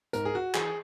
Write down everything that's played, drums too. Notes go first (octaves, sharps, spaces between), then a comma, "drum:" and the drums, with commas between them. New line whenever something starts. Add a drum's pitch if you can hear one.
G#2 A#4, drum: hi-hat
G#4
F#4
E3 G#4, drum: clap